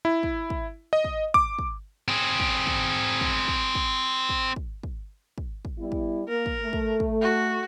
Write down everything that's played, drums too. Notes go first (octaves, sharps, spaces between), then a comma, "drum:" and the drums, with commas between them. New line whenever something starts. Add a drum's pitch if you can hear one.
E4
drum: kick
drum: kick
D#5
drum: kick
D6, drum: kick
drum: kick
C4 G#4
drum: kick
drum: kick
drum: kick
drum: kick
drum: kick
drum: kick
drum: kick
drum: kick
drum: kick
drum: kick
G3 B3 E4
drum: kick
A#3 A#4
drum: kick
A3
drum: kick
drum: kick
F#4